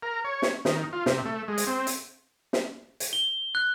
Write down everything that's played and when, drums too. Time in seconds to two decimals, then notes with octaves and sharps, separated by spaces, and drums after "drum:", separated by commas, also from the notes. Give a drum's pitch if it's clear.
0.03 A#4
0.25 C#5
0.42 drum: snare
0.65 D#3, drum: snare
0.93 F4
1.06 C3, drum: snare
1.25 A3
1.48 G#3
1.58 drum: hi-hat
1.67 C4
1.87 drum: hi-hat
2.53 drum: snare
3.00 drum: hi-hat
3.13 G7
3.55 F#6